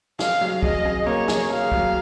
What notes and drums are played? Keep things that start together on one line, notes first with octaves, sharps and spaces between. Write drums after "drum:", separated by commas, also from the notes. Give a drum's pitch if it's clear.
G#4 F5, drum: snare
F#3
G#4 D#5, drum: kick
G#4
A#3 C#5
G#4, drum: snare
G#4 F5
F#3, drum: kick